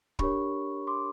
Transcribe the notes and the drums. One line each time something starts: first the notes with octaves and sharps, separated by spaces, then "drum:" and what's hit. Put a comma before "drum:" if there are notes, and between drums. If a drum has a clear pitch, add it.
D4 G4 A#4 C#5 B5 C#6, drum: kick
C6 D6